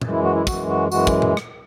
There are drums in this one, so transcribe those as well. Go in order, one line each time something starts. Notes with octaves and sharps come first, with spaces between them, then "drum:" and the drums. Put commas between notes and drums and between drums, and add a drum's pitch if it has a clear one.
F#2 E3 G#3, drum: tom A#2
E4
F#4
E4
F#2 E3 G#3 F#4, drum: kick, tambourine
F#4
F#2 E3 G#3 F#4, drum: tambourine
drum: kick, tambourine
drum: tom A#2
drum: rim click